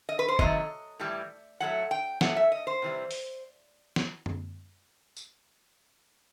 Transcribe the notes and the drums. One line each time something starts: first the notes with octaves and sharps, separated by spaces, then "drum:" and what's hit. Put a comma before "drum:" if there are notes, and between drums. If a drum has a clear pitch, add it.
D#5
B4
C5
C3 D#3 F#3 A3 D#5, drum: kick
A2 E3 G3
A2 F#3 A3 F#5
G5
A2 F#3 A3 F#5, drum: snare
E5
D#5
C5
C3 E3 G3
drum: open hi-hat
drum: snare
drum: tom F#2
drum: tambourine